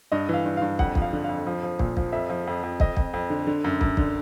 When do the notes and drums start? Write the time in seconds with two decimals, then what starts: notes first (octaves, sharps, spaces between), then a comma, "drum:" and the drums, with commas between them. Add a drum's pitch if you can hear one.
0.12 G2 D#5
0.29 E3 F5
0.45 G2
0.57 G2 F5
0.79 F2 F#5, drum: kick
0.95 F3, drum: kick
1.02 F5
1.13 D3
1.24 F2 F5
1.47 F3
1.63 F3
1.79 A#2, drum: kick
1.97 F3, drum: kick
2.12 F2 E5
2.30 F3
2.47 F2
2.63 F2
2.80 F2 D#5, drum: kick
2.97 F2, drum: kick
3.14 F2
3.30 D3
3.47 D3
3.64 F#2
3.81 F#2, drum: kick
3.97 D3, drum: kick